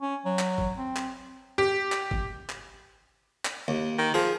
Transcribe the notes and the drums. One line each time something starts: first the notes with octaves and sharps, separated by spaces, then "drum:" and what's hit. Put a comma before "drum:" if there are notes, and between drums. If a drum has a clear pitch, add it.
C#4
F#3
drum: clap
drum: kick G1
C4
drum: clap
G4
drum: clap
drum: kick G1
drum: clap
drum: clap
D#2
D#3
F3 G#4